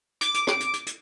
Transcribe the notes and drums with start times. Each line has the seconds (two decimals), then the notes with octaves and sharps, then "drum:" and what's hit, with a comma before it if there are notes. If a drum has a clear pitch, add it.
0.21 D6, drum: hi-hat
0.34 drum: hi-hat
0.47 drum: rim click
0.60 drum: hi-hat
0.73 drum: hi-hat
0.86 drum: hi-hat